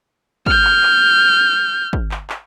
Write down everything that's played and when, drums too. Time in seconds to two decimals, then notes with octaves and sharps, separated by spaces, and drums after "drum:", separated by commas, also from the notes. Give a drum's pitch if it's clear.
0.46 F6 G6, drum: kick
0.65 drum: clap
0.83 drum: clap
1.93 drum: kick
2.11 drum: clap
2.30 drum: clap